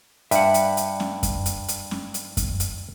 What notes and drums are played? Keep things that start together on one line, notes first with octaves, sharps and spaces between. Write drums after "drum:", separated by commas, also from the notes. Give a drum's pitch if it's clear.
G2 E5 F#5, drum: hi-hat
drum: hi-hat
drum: hi-hat
drum: snare C#4
drum: kick F#2, hi-hat
drum: hi-hat
drum: hi-hat
drum: snare C#4
drum: hi-hat
drum: kick F#2, hi-hat
drum: hi-hat